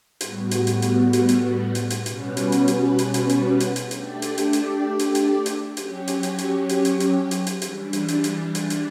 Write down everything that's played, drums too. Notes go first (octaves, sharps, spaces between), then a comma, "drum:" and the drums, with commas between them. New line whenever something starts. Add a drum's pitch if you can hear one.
A2 G3 B3 F#4, drum: hi-hat
drum: hi-hat
drum: hi-hat
drum: hi-hat
drum: hi-hat
drum: hi-hat
drum: hi-hat
drum: hi-hat
B2 G3 C#4 F#4 B4, drum: hi-hat
drum: hi-hat
drum: hi-hat
drum: hi-hat
drum: hi-hat
drum: hi-hat
drum: hi-hat
drum: hi-hat
drum: hi-hat
A3 D4 G4 D5, drum: hi-hat
drum: hi-hat
drum: hi-hat
drum: hi-hat
drum: hi-hat
drum: hi-hat
drum: hi-hat
F#3 C#4 G4 C#5, drum: hi-hat
drum: hi-hat
drum: hi-hat
drum: hi-hat
drum: hi-hat
drum: hi-hat
drum: hi-hat
drum: hi-hat
drum: hi-hat
E3 G3 D4, drum: hi-hat
drum: hi-hat
drum: hi-hat
drum: hi-hat
drum: hi-hat
drum: hi-hat